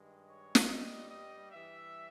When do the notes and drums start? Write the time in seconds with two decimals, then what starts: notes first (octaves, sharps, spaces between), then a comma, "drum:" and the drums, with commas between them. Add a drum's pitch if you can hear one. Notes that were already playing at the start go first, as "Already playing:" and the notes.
Already playing: G2 D#3 G#3
0.29 C#5
0.55 drum: snare
0.69 G2 G3 D#5
1.10 D#5
1.52 G2 E3 G3 E5